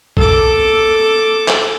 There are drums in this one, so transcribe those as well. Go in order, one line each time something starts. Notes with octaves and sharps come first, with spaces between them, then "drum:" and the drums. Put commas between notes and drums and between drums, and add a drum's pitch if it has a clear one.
A4 D6, drum: kick B1
drum: clap